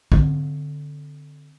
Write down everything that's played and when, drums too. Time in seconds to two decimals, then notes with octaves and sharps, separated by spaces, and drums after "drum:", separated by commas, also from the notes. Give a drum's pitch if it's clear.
0.12 D3 C4, drum: kick